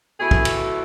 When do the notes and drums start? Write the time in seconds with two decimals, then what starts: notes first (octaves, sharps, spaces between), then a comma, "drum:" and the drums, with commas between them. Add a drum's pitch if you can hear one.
0.20 B2 A3 E4 G#4
0.31 drum: kick
0.45 drum: cymbal